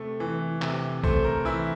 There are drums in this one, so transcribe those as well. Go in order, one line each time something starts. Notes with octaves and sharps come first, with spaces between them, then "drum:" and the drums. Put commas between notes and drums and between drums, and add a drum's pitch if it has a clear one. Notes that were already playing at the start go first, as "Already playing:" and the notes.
Already playing: C3 A3
E3
C3, drum: clap
A3 C5, drum: kick B1
A#4
E3 E4